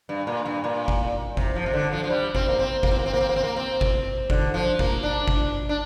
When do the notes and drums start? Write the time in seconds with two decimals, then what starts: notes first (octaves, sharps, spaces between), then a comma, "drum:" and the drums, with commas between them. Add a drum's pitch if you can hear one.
0.09 G2
0.27 A#2
0.46 G2
0.64 A#2
0.88 drum: kick G1
1.37 C3, drum: kick G1
1.56 F3
1.66 C3
1.73 D3
1.92 F3
2.04 F3
2.10 G3
2.35 C4, drum: kick G1
2.48 A#3
2.59 C4
2.83 A#3, drum: kick G1
2.91 C4
2.99 A#3
3.06 C4
3.13 A#3
3.21 C4
3.29 A#3
3.36 C4
3.44 A#3
3.56 C4
3.81 drum: kick G1
4.30 D3, drum: kick G1
4.54 F3
4.79 A#3, drum: kick G1
5.03 D4
5.28 drum: kick G1
5.69 D4